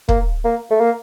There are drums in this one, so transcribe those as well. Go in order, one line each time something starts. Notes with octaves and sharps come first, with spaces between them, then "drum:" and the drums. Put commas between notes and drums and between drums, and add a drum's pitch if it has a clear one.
A#3, drum: kick
A#3
A3
A#3